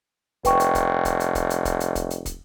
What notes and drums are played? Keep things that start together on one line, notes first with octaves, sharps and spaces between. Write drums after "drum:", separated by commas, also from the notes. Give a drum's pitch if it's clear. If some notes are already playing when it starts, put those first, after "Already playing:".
F1 B4 G5 C#6, drum: kick, hi-hat
drum: hi-hat
drum: kick, hi-hat
drum: kick, hi-hat
drum: hi-hat
drum: kick, hi-hat
drum: hi-hat
drum: kick, hi-hat
drum: hi-hat
drum: kick, hi-hat
drum: hi-hat
drum: kick, hi-hat